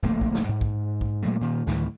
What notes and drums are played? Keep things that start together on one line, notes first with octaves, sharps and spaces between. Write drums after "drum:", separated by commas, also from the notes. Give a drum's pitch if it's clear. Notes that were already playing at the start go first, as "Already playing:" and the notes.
D1 A#1 A3 A#3
drum: kick
drum: snare
G#2
drum: kick
drum: kick
A#2 F#3 G#3 A3
A#2 D#3
D2 A2 D#3 E3, drum: snare